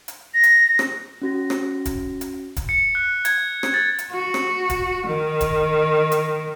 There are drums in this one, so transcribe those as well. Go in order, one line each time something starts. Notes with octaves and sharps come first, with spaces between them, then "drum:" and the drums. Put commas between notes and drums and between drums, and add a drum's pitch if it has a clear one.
drum: hi-hat
A#6
drum: hi-hat
drum: rim click
C#4 F#4 A#6
drum: rim click
drum: kick, hi-hat
drum: hi-hat
drum: kick, hi-hat
C#7
F#6
G#6, drum: hi-hat
drum: rim click
A6
drum: hi-hat
F#4
drum: rim click
drum: kick, hi-hat
D#3
drum: kick, hi-hat
drum: hi-hat